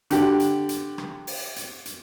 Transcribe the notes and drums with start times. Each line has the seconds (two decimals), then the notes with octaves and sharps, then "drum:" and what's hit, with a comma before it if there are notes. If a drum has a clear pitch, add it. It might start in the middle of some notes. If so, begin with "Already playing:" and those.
0.10 D3 G4, drum: hi-hat
0.40 drum: hi-hat
0.69 drum: hi-hat
0.98 drum: rim click
1.27 drum: open hi-hat
1.56 drum: hi-hat
1.85 drum: hi-hat